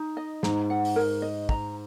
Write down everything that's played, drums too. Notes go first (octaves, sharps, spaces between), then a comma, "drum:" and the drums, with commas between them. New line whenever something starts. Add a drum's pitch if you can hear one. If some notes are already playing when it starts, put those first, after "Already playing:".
Already playing: D#4
D#5
G#2 A#5, drum: snare
F#5
drum: open hi-hat
A#4
D#5
A#5, drum: kick